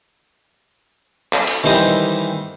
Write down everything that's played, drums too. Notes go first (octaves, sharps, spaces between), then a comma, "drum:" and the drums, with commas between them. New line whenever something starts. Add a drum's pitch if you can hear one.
drum: clap
drum: cymbal
D#3 E3 G3 C5 D#5